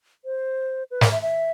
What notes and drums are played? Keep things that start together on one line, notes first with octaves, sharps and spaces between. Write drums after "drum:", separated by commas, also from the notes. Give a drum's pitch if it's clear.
C5
B4
A#4, drum: snare
E5
E5